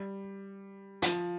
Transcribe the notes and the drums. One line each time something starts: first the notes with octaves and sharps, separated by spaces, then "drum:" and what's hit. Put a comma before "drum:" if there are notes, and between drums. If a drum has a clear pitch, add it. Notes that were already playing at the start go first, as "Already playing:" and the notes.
Already playing: G3
F3, drum: hi-hat